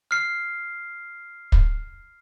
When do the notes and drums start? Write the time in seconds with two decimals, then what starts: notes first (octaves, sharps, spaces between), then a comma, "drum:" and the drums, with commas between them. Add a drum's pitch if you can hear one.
0.11 F6 C7
1.52 drum: kick